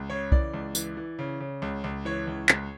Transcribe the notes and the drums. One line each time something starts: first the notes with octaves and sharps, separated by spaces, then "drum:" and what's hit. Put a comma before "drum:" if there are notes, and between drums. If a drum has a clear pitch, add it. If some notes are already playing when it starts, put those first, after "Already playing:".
Already playing: C#2
C#3 C#5
E3 D5, drum: kick B1
C#2
E3, drum: tambourine
E3
C#3
C#3
C#2
C#2
E3 C#5
C#2
C#2, drum: clap